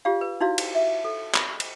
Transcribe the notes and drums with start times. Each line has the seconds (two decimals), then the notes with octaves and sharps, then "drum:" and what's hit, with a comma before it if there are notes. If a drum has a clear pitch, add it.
0.05 F4 G4 D5 F5
0.21 B4
0.40 D#4 E4 F#4 D5 F5
0.58 drum: cymbal
0.75 E5
1.04 A4
1.35 B5, drum: clap
1.60 drum: cymbal